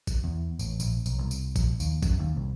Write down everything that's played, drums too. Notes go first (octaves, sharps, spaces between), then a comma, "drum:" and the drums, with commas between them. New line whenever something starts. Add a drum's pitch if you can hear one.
drum: kick, tambourine
E2
A1, drum: tambourine
A#1, drum: tambourine
B1, drum: tambourine
C2
drum: tambourine
A#1, drum: kick, tambourine
D#2, drum: tambourine
F#2, drum: kick, tambourine
D#2
C2